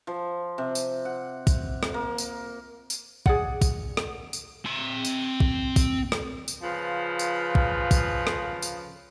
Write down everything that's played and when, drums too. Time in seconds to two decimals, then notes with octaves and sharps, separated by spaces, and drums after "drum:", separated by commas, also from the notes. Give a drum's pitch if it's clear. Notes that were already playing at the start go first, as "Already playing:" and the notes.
0.07 F3
0.58 C3
0.75 drum: tambourine
1.05 F#5
1.47 drum: kick, tambourine
1.83 drum: rim click
1.94 A#3
2.18 drum: tambourine
2.90 drum: tambourine
3.26 G#4 D5 F#5, drum: kick
3.62 drum: kick, tambourine
3.97 drum: rim click
4.33 drum: tambourine
4.66 C4 A#5
5.05 drum: tambourine
5.40 drum: kick
5.76 drum: kick, tambourine
6.12 drum: rim click
6.48 drum: tambourine
6.63 C#3 F3 F4 B4
7.19 drum: tambourine
7.55 drum: kick
7.91 drum: kick, tambourine
8.27 drum: rim click
8.62 drum: tambourine